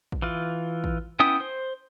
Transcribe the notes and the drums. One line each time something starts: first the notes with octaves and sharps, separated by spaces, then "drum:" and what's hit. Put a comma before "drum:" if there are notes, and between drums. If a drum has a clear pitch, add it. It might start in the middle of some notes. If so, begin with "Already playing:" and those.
drum: kick A1
E3 F4
drum: kick A1
B3 C#4 E4 G5 D#6
C5